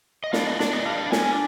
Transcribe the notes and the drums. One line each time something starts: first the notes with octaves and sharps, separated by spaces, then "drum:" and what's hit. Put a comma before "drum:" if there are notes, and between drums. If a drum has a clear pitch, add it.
D#5
D4 F5, drum: snare
D#5
D4 D5, drum: snare
D#5
D4 F5
D4 G#5, drum: snare